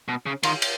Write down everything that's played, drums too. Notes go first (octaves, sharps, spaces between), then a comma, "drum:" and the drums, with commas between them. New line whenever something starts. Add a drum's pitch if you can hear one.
B2
C#3
D#3 F4, drum: cymbal
drum: cymbal